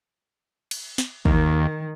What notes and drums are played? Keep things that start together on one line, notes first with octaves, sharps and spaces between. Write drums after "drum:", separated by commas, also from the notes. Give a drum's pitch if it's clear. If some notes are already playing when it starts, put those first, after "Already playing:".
drum: cymbal
drum: snare
D#2 D#3, drum: kick